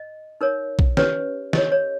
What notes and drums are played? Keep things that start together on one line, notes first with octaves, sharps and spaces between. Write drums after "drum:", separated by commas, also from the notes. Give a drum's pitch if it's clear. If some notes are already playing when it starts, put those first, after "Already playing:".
Already playing: D#5
D#4 A#4 C#5
drum: kick A#1
C#4 G4 B4 C#5, drum: snare
G4 A#4 C#5 D#5, drum: snare
C#5